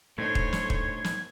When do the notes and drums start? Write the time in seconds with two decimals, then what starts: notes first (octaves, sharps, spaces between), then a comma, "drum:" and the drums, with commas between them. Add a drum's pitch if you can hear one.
0.18 A2 A3 D4 D#4 C5 C#5 G#6
0.35 drum: kick
0.53 drum: snare
0.70 drum: kick
1.04 drum: snare